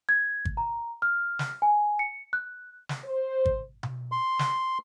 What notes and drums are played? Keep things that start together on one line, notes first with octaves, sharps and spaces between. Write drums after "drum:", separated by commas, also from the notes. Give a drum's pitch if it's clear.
G#6
drum: kick
A#5
F6
drum: snare
G#5
C#7
F#6
drum: snare
C5
drum: kick
drum: tom B2
C6
drum: snare